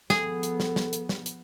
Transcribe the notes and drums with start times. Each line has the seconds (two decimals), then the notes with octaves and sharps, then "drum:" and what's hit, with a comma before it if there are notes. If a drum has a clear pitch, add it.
0.10 F3 B3 G#4 A4, drum: snare
0.43 drum: hi-hat
0.60 drum: snare
0.76 drum: snare
0.93 drum: hi-hat
1.09 drum: snare
1.26 drum: hi-hat